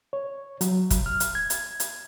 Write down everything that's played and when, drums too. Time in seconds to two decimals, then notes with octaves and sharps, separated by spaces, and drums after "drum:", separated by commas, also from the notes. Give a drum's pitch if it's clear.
0.13 C#5
0.61 F#3, drum: hi-hat
0.90 drum: kick, hi-hat
1.06 F6
1.20 drum: hi-hat
1.35 G#6
1.50 drum: hi-hat
1.80 drum: hi-hat